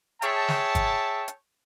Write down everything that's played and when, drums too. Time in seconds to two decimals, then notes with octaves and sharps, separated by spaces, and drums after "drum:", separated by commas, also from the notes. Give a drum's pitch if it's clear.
0.22 G#4 C#5 E5 G5 A5, drum: hi-hat
0.48 drum: snare
0.75 drum: kick, hi-hat
1.28 drum: hi-hat